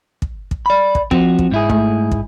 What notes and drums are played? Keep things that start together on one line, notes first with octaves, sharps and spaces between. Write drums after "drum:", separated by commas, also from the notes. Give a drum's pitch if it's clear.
drum: kick
drum: kick
D5 B5
drum: kick
F3 C4 F#4, drum: kick
drum: kick
G#2 E4 G#4
A3, drum: kick
drum: kick